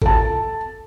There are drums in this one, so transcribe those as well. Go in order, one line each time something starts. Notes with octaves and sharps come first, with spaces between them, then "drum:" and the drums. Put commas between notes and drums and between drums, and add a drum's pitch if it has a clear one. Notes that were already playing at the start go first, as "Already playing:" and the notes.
A4 A5, drum: kick G1